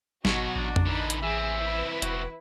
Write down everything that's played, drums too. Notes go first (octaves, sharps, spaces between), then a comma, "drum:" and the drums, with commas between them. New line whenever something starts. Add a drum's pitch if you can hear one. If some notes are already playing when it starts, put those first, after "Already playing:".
G#1 B2 F#3 D#4 F#4 C#6, drum: snare
A1 D4
drum: tom F2
D3 E3 D#4 B5
drum: hi-hat
E3 C4 G#4 E5
E4 B4
E1 F#4, drum: hi-hat